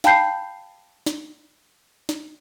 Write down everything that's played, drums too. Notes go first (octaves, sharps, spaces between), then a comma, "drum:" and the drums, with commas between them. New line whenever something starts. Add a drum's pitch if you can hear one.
F5 G5 A5 B5 G6 C7, drum: snare
drum: snare
drum: snare